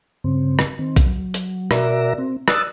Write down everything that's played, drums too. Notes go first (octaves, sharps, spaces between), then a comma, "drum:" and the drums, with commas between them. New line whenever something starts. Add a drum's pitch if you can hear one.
G2 C#3 C4
drum: rim click
D#3 C4
drum: kick A#1, hi-hat
F#3
drum: hi-hat
B2 F#4 A#4 D5 E5 A#5, drum: rim click
C4
D5 D#6 E6 F#6 A6, drum: rim click